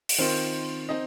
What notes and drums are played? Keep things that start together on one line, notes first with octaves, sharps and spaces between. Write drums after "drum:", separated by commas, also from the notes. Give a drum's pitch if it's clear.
drum: open hi-hat
D#3 C4 F4 C5
C4 D#4 D#5